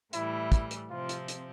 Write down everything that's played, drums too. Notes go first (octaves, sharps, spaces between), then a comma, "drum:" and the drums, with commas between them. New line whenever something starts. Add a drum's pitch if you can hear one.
A2 E3 G3 E4, drum: hi-hat
drum: kick, hi-hat
drum: hi-hat
C3 F3 C4 F4
drum: hi-hat
drum: hi-hat